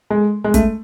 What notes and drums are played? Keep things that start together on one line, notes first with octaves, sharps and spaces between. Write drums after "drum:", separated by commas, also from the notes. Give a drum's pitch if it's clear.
G#3
G#3
A3, drum: kick, hi-hat